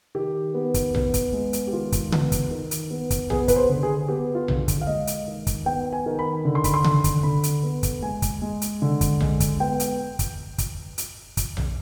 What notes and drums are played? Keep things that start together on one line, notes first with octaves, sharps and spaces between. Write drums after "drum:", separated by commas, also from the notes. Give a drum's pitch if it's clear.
D#3 G4
B3
drum: kick, hi-hat
B3, drum: tom A#1
drum: kick, hi-hat
G#3
drum: hi-hat
G4
D#3 F4
drum: kick, hi-hat
B3, drum: tom C#3
drum: kick, hi-hat
D#3
drum: hi-hat
B3
drum: kick, hi-hat
B3 G#4, drum: tom A#1
B4, drum: kick, hi-hat
C5
D3
G#4
B3 G4
F4
D3, drum: tom A#1
drum: kick, hi-hat
F5
G#3 D#5
drum: hi-hat
D#3
drum: kick, hi-hat
B3 G5
G#5
D#3
B5
D3
C6
B5, drum: kick, hi-hat
C6
D3, drum: tom C#3
drum: kick, hi-hat
D3 B5
drum: hi-hat
B3
drum: kick, hi-hat
G#3 G#5
drum: kick, hi-hat
G#3
drum: hi-hat
D3
drum: kick, hi-hat
G#3, drum: tom A#1
drum: kick, hi-hat
B3 G5
drum: hi-hat
drum: kick, hi-hat
drum: kick, hi-hat
drum: hi-hat
drum: kick, hi-hat
drum: tom A#1